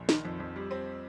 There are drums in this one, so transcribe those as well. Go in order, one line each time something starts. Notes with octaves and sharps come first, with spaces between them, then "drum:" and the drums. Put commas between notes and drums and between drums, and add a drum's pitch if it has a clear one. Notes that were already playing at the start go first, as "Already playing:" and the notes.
Already playing: A#1
D#3, drum: snare
F2
F2
G3
C4